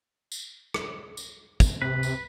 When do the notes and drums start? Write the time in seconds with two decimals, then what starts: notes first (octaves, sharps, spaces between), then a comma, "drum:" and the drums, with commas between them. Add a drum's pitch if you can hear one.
0.32 drum: tambourine
0.74 drum: rim click
1.17 drum: tambourine
1.60 drum: kick, tambourine
1.82 C3 B4
2.03 drum: tambourine